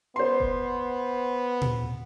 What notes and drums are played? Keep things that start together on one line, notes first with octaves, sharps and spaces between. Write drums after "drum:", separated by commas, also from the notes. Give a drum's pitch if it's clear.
B3 C5 C6
drum: kick F1
drum: tom A#2